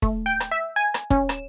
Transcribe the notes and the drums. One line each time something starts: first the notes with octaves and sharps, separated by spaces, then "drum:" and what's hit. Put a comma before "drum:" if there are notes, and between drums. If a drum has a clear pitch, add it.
A3, drum: kick
G5
drum: rim click
E5
G#5
drum: rim click
C#4, drum: kick
E7, drum: rim click